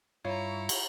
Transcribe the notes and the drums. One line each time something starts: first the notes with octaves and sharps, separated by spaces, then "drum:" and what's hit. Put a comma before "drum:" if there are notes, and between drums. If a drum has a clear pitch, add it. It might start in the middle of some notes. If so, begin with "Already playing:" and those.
G2 E4 F4 C#5 A#5 C#6
drum: cymbal